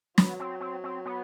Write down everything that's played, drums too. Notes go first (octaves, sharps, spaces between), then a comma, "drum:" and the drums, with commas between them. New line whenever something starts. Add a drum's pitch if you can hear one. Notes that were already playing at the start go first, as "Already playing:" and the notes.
F#3 B3, drum: snare
C4
C4
C4
B3